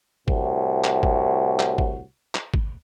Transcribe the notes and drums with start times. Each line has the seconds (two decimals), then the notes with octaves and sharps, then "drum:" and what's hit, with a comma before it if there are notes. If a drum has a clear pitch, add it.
0.28 C2 A2 F#4, drum: kick G#1
0.84 drum: clap
1.03 drum: kick G#1
1.59 drum: clap
1.78 drum: kick G#1
2.35 drum: clap
2.54 drum: kick G#1